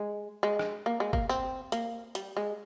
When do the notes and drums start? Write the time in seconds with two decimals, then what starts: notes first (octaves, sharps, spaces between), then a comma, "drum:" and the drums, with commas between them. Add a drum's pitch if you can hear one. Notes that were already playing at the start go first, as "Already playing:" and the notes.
Already playing: G#3
0.43 G#3
0.59 drum: rim click
0.86 A#3
1.00 G#3
1.13 A#3, drum: kick G1
1.29 C4, drum: tambourine
1.72 A#3, drum: hi-hat
2.15 G3, drum: hi-hat
2.37 G#3